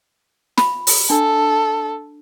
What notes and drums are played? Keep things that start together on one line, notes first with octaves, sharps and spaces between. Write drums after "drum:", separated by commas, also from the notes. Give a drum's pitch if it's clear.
B5, drum: snare
drum: open hi-hat
D4 A4